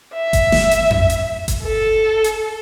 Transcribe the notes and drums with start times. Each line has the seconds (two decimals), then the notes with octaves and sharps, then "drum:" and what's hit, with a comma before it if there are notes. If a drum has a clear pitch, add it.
0.14 E5
0.33 drum: kick G1, hi-hat
0.52 drum: snare
0.71 drum: hi-hat
0.90 drum: tom F2
1.10 drum: hi-hat
1.48 drum: kick G1, hi-hat
1.63 A4
2.24 drum: hi-hat